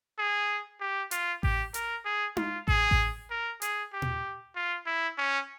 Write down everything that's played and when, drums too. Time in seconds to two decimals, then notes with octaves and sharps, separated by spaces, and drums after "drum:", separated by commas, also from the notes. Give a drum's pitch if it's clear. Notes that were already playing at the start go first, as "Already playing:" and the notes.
0.18 G#4
0.81 G4
1.11 F4, drum: hi-hat
1.43 G4, drum: kick A1
1.74 A#4, drum: hi-hat
2.05 G#4
2.37 F4, drum: tom D#4
2.68 G#4, drum: kick A1
2.91 drum: kick A1
3.30 A#4
3.62 G#4, drum: hi-hat
3.93 G4
4.02 drum: tom A#2
4.55 F4
4.86 E4
5.17 C#4